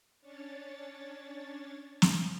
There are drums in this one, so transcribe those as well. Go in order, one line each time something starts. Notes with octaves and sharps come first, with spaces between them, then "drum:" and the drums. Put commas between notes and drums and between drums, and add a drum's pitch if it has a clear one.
C#4 D4 C#5 A6
drum: snare